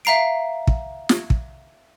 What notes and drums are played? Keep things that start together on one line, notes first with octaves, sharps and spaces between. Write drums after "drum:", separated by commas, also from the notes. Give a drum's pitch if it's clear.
E5 F5 A#5 C7 D7
drum: kick
drum: snare
drum: kick